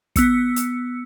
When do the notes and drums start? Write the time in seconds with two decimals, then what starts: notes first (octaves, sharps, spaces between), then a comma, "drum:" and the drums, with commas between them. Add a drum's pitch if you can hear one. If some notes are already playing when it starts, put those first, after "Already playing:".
0.16 B3 E6 C#7, drum: kick, hi-hat
0.56 drum: hi-hat